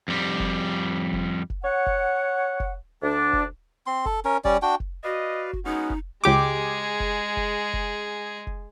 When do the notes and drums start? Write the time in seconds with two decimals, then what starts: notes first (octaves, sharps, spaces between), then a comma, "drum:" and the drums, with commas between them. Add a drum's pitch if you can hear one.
0.08 F2 G3
0.40 drum: kick F1
1.13 drum: kick F1
1.50 drum: kick F1
1.64 C#5 F#5
1.86 drum: kick F1
2.60 drum: kick F1
3.02 D2 D4
3.33 drum: kick F1
3.87 C4 C6
4.06 A4, drum: kick F1
4.25 C#4 A#4
4.45 G3 C#4 D5, drum: kick F1
4.62 D4 F#4 G5
4.80 drum: kick F1
5.04 F#4 B4 D5 D#5 F5
5.53 drum: kick F1
5.65 G#3 B3 C#4 D#4 F#4
5.90 drum: kick F1
6.24 C#2 G#3 G4 G#4 D6
7.00 drum: kick F1
7.37 drum: kick F1
7.73 drum: kick F1
8.47 drum: kick F1